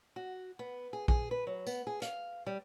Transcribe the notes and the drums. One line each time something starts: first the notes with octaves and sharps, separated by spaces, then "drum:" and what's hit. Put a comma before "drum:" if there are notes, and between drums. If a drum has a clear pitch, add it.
F#4
B3
G#4
G#4, drum: kick A#1
B4
F#3
B3, drum: tambourine
G#4
F5, drum: hi-hat
G3